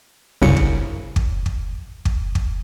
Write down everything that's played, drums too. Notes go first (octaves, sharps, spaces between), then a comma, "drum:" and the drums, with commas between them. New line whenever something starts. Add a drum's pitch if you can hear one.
G1 C2 F#2 C#3 C#7
drum: kick
drum: kick
drum: kick
drum: kick
drum: kick